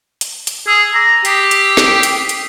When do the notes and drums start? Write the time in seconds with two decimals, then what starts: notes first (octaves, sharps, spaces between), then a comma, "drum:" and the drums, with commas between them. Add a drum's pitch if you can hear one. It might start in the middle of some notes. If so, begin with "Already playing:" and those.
0.21 drum: hi-hat
0.47 drum: hi-hat
0.67 G#4 E6 F7
0.94 A#5 D6 E6
1.25 G4 D#6 B6 C7, drum: hi-hat
1.51 drum: hi-hat
1.77 B6 D#7, drum: snare
2.03 drum: hi-hat
2.29 drum: hi-hat